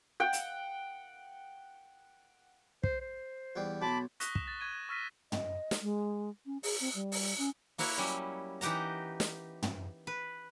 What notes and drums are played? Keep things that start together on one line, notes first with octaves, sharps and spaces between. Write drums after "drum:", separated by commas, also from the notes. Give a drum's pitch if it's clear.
F#5 G5
drum: hi-hat
C5, drum: kick
C5
E2 G3
B1 A5 B5 D6
C#6 D#6 F#6 A#6 B6 G7, drum: hi-hat
E7, drum: kick
A6
C#6 G#6 D#7 G7
G#6
C#6 E6 F6 A#6 B6 D#7
D#5, drum: tom
drum: snare
G#3
C#4
G#4, drum: open hi-hat
C4
G3
drum: open hi-hat
C#4
A#3 E4 F#4 C#5 F5, drum: open hi-hat
F#3 G3 C#4
E3 D#4 G4 F#5 A#5, drum: hi-hat
drum: snare
drum: tom
B4